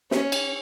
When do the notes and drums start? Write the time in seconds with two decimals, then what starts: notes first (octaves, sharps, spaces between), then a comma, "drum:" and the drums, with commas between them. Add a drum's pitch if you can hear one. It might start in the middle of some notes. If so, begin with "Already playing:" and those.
0.11 C#4, drum: snare
0.32 drum: cymbal